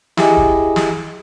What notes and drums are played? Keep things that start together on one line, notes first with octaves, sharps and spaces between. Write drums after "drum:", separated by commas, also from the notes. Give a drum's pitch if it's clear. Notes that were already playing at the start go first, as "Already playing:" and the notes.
E4 G4 G#4 D#5, drum: snare
drum: kick
drum: snare